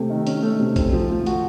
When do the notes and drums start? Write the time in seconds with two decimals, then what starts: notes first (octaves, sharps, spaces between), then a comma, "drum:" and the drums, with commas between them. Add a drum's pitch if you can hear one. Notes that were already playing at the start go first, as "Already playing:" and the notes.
Already playing: C3 A3
0.10 D#3
0.27 C#4, drum: hi-hat
0.42 A3
0.60 C3
0.76 C4, drum: kick A#1, hi-hat
0.93 F3
1.09 A3
1.26 F#4, drum: hi-hat